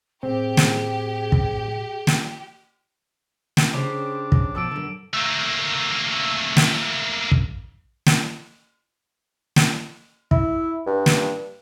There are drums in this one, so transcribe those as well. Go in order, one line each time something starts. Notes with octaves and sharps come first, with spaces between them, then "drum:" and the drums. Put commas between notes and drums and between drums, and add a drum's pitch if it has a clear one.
A2 C4 G4 G#4
drum: snare
drum: kick
drum: snare
drum: snare
C#3 D4 G4 C5
drum: kick
B2 F3 A4 D6 E6 D7
F#2 D3
A3 A#3
drum: snare
drum: kick
drum: snare
drum: snare
E4, drum: kick
G2
drum: snare